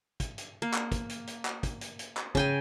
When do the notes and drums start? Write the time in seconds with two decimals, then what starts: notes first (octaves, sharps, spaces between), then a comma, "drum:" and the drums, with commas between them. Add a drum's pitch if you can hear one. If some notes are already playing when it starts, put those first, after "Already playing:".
0.20 drum: kick, hi-hat
0.38 drum: hi-hat
0.62 A#3
0.74 drum: clap
0.92 drum: kick, hi-hat
1.09 drum: hi-hat
1.27 drum: hi-hat
1.45 drum: clap
1.63 drum: kick, hi-hat
1.81 drum: hi-hat
1.99 drum: hi-hat
2.17 drum: clap
2.35 C#3 G5 G#5, drum: kick